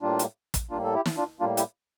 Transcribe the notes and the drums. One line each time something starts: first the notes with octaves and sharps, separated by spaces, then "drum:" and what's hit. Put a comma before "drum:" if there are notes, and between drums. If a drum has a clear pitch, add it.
A2 G3 A#3 D4 F4
drum: hi-hat
drum: kick, hi-hat
A2 G3 A#3 D4 F4
A4
E4 G4
drum: snare
D4 F4
A2 G3 A#3 D4 F4
E4 G4, drum: hi-hat